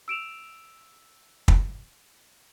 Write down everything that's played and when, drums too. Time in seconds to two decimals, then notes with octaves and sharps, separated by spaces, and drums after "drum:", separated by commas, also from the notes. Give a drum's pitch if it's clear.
0.08 E6 D7 E7 F7
1.48 drum: kick